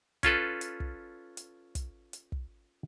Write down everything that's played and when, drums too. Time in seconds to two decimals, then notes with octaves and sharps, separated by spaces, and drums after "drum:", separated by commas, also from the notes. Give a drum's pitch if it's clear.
0.23 C#4 F4 A4 B4, drum: kick, hi-hat
0.61 drum: hi-hat
0.80 drum: kick
1.37 drum: hi-hat
1.75 drum: kick, hi-hat
2.13 drum: hi-hat
2.32 drum: kick